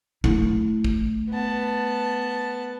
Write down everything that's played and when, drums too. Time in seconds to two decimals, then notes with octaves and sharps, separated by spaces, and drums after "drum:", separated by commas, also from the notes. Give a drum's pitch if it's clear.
0.24 A3 E4, drum: tom A#2
0.84 drum: kick
1.30 B3 A5